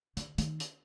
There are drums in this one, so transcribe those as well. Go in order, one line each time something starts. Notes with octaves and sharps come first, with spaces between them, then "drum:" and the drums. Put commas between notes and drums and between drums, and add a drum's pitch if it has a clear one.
D3, drum: hi-hat
D#3, drum: hi-hat
drum: hi-hat